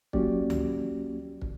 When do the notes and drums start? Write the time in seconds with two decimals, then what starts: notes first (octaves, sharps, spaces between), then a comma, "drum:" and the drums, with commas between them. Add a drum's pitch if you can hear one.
0.13 F#3 A#3 C#4 F#4 G4 D5, drum: kick
0.50 drum: tom C#2
1.42 drum: kick